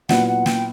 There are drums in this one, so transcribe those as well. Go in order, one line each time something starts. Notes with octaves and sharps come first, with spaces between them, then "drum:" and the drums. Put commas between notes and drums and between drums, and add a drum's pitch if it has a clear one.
A#2 F#3 B3 E4 F#5, drum: snare
F#5
G5, drum: snare